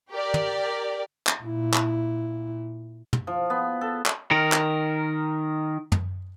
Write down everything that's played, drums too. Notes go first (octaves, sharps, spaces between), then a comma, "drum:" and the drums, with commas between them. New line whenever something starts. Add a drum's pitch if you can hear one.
G4 A#4 D5
drum: tom
drum: clap
A#2 E4
drum: clap
drum: tom
F3
B3
A4
drum: clap
D#3 A#4
drum: clap
drum: tom